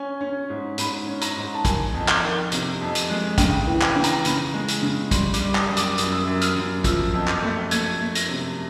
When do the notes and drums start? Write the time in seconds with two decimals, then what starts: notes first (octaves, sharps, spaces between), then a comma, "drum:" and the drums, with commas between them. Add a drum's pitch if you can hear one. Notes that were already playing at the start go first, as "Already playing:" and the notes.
Already playing: C#4 G#5
0.21 C#4
0.49 G#2
0.78 G#2 B5, drum: hi-hat
1.07 C#4
1.21 A#5, drum: hi-hat
1.36 G#2
1.54 A5
1.65 D#3 G#5, drum: kick, hi-hat
1.94 F2
2.08 drum: clap
2.23 D#3
2.52 C3, drum: hi-hat
2.81 F2
2.95 drum: hi-hat
3.10 G#3
3.38 C#3 G5, drum: kick, hi-hat
3.67 E3
3.82 G5, drum: clap
3.96 C#3
4.04 A#5, drum: hi-hat
4.25 C#3 B5, drum: hi-hat
4.54 G#3
4.68 drum: hi-hat
4.82 C#3
5.11 G3 C6, drum: kick, hi-hat
5.34 D6, drum: hi-hat
5.40 G3
5.55 D#6, drum: clap
5.70 F#2
5.77 D6, drum: hi-hat
5.98 F#2 D#6, drum: hi-hat
6.12 E6
6.25 F#2 D#6
6.41 F6, drum: hi-hat
6.56 F#2
6.84 F3 E6, drum: kick, hi-hat
7.13 F2
7.28 G6, drum: clap
7.43 A3
7.71 A3 G#6, drum: hi-hat
8.00 A3
8.15 A#6, drum: hi-hat
8.29 C3